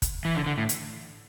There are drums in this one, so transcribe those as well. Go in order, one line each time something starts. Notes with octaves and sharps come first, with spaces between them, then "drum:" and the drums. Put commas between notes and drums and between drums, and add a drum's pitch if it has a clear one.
drum: kick, hi-hat
E3
D3
D3
A2
drum: hi-hat